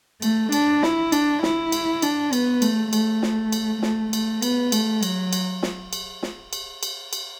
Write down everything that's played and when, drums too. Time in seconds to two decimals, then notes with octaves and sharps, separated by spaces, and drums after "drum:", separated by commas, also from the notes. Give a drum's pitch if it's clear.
0.22 A3, drum: cymbal
0.52 D4, drum: cymbal
0.83 E4, drum: snare
1.12 D4, drum: cymbal
1.43 E4, drum: snare
1.72 drum: cymbal
2.02 D4, drum: cymbal
2.33 B3, drum: cymbal
2.62 A3, drum: cymbal
2.93 A3, drum: cymbal
3.22 drum: snare
3.52 drum: cymbal
3.82 A3, drum: snare
4.13 A3, drum: cymbal
4.42 B3, drum: cymbal
4.72 A3, drum: cymbal
5.03 F#3, drum: cymbal
5.33 drum: cymbal
5.63 drum: snare
5.93 drum: cymbal
6.23 drum: snare
6.53 drum: cymbal
6.83 drum: cymbal
7.13 drum: cymbal